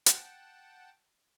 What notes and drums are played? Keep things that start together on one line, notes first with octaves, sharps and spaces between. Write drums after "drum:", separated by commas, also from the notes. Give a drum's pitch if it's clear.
F#5 G5 A5, drum: hi-hat